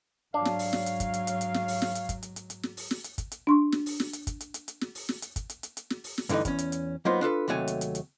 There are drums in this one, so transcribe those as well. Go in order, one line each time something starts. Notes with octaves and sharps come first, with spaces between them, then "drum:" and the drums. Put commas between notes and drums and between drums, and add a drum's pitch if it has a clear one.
G#2 F#3 D4 C#5 F5
drum: snare
drum: open hi-hat
drum: snare
drum: hi-hat
drum: kick, hi-hat
drum: hi-hat
drum: hi-hat
drum: hi-hat
drum: snare
drum: open hi-hat
drum: snare
drum: hi-hat
drum: kick, hi-hat
drum: hi-hat
drum: hi-hat
drum: hi-hat
drum: snare
drum: open hi-hat
drum: snare
drum: hi-hat
drum: kick, hi-hat
drum: hi-hat
D4 C6 C#6
drum: snare
drum: open hi-hat
drum: snare
drum: hi-hat
drum: kick, hi-hat
drum: hi-hat
drum: hi-hat
drum: hi-hat
drum: snare
drum: open hi-hat
drum: snare
drum: hi-hat
drum: kick, hi-hat
drum: hi-hat
drum: hi-hat
drum: hi-hat
drum: snare
drum: open hi-hat
drum: snare
G2 D3 E3 A3 D#4, drum: hi-hat
E2 C#4, drum: kick, hi-hat
drum: hi-hat
drum: hi-hat
F#3 A#3 B3 D#4 F4 C5
D4 F4 A4 B4
D#2 C3 F#3 A3 C#5 G#5
drum: hi-hat
drum: hi-hat
drum: hi-hat